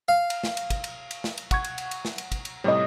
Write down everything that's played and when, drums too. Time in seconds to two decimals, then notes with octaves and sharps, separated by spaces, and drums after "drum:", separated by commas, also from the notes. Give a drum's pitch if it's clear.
0.08 F5
0.30 drum: cymbal
0.44 drum: snare
0.57 drum: cymbal
0.70 drum: kick, cymbal
0.84 drum: cymbal
1.11 drum: cymbal
1.24 drum: snare
1.38 drum: cymbal
1.51 F#5 C#6 G#6, drum: kick, cymbal
1.64 drum: cymbal
1.78 drum: cymbal
1.91 drum: cymbal
2.05 drum: snare
2.18 drum: cymbal
2.32 drum: kick, cymbal
2.45 drum: cymbal
2.64 A2 C3 G3 C#5 D#5